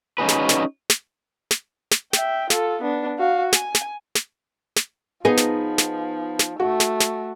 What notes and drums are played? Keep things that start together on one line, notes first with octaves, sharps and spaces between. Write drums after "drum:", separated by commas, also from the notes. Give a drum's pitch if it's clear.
C#4 D#4 F#4 G#4 B4
drum: snare
drum: snare
drum: snare
drum: snare
drum: snare
E5 G5, drum: snare
F4 A4, drum: snare
B3 D4
F#4 F5
G#5, drum: snare
drum: snare
drum: snare
drum: snare
F3 B3 D#4 G#4
drum: snare
drum: snare
drum: snare
A3 F#4
drum: snare
drum: snare